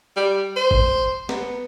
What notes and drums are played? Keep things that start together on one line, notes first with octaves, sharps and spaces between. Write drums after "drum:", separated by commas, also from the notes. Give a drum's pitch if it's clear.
G3
C5
drum: kick G1
B3, drum: snare